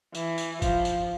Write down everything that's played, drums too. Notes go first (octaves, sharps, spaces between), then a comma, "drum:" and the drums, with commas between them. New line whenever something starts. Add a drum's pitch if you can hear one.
E3, drum: tambourine
drum: tambourine
F3, drum: kick, tambourine
drum: tambourine